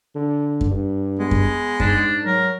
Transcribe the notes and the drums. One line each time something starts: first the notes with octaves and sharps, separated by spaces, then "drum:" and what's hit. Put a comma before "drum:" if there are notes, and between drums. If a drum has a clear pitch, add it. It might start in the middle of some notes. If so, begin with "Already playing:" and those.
D3
drum: kick F#2
G2
G#3 B3
drum: kick F#2
G#2 D4, drum: kick F#2
F#3 A#4